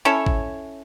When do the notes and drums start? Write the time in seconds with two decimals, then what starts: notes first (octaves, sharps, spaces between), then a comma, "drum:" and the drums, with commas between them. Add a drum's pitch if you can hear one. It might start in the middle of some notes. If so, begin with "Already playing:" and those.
0.05 C#4 E4 A4 C#5
0.26 drum: kick A1